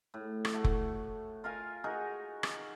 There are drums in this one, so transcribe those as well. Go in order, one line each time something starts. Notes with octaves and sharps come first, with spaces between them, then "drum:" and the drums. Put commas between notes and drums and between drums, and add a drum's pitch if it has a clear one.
A2
drum: rim click
A3 F#4
drum: kick F1
F4 A#4 F5 G#5
D#4 F#4 G#4 A#4
drum: rim click